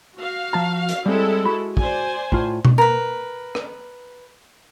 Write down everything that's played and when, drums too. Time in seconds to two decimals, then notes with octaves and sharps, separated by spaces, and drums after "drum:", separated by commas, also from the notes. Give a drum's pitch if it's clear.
0.16 F#4 F5
0.53 F3 A5 A#5
0.89 drum: hi-hat
1.06 G3 G#3 C4 E4 A4
1.45 F#4 B5
1.77 C5 D5 G#5, drum: kick
2.32 A2 F4, drum: kick
2.65 drum: tom B2
2.78 A#4 B4
3.55 drum: rim click